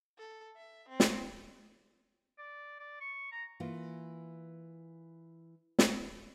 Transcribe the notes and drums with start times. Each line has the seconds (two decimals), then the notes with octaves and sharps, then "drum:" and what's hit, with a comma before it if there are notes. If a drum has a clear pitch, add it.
0.18 A4
0.56 E5
0.89 C4
1.00 drum: snare
2.38 D5
2.79 D5
3.01 C#6
3.32 A#5
3.60 E3 A#3 F4
5.79 drum: snare